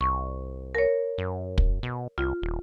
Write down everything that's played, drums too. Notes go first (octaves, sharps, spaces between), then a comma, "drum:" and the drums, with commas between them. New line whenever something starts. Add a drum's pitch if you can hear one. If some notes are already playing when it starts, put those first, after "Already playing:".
C2 C#6
A#4 C#5
F#2
drum: kick
B2
C2 F4
D#1